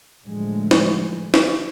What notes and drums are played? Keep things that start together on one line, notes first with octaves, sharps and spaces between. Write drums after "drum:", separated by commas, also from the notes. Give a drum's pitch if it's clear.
A2 D3 F3 F#3 G#3 A3
drum: snare
drum: snare